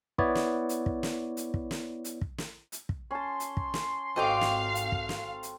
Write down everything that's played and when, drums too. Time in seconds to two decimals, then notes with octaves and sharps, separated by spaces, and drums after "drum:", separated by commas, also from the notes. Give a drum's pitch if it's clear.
0.18 B3 E4 C#5 D5, drum: kick
0.35 drum: snare
0.69 drum: hi-hat
0.86 drum: kick
1.03 drum: snare
1.37 drum: hi-hat
1.54 drum: kick
1.71 drum: snare
2.05 drum: hi-hat
2.21 drum: kick
2.38 drum: snare
2.72 drum: hi-hat
2.89 drum: kick
3.11 C#4 A5 C6
3.40 drum: hi-hat
3.57 drum: kick
3.74 drum: snare
4.16 G#1 C4 F#4 A4 D#5 F5 G5 D6
4.41 drum: snare
4.75 drum: hi-hat
4.92 drum: kick
5.09 drum: snare
5.43 drum: hi-hat